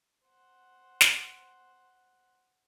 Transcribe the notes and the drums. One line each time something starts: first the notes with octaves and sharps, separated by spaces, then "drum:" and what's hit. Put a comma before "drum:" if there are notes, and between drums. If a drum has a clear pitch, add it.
C5 F#5
drum: snare